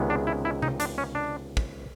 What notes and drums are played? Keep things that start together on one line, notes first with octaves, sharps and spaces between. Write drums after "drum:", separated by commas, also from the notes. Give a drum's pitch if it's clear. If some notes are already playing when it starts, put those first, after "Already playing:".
Already playing: C#2 C3 D#3 G#3 B3
D4
E4
E4
D#4, drum: tom C3
D4, drum: hi-hat
C#4
D4
drum: kick